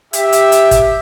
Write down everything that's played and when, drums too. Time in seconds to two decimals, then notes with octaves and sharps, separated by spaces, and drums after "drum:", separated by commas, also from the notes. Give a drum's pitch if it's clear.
0.13 G4 E5, drum: hi-hat
0.32 drum: hi-hat
0.52 drum: hi-hat
0.71 drum: kick, hi-hat